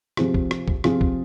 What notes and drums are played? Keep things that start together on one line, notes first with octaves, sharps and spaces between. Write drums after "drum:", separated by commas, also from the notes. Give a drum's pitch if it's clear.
C3 F3 C4 F4 G#4, drum: rim click
drum: kick
drum: rim click
drum: kick
C3 F3 C4 F4 G#4, drum: rim click
drum: kick